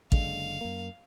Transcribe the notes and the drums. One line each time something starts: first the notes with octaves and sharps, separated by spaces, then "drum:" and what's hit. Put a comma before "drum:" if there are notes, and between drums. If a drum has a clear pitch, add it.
F#1 D3 G#3 F5, drum: kick
F#2 A#3